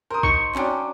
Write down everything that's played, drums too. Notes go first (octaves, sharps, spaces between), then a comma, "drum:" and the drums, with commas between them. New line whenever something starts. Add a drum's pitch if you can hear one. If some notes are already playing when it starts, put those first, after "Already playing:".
A#4 C5 D#6
D#4 C#6, drum: kick
F#3 C#4 D4 G5, drum: clap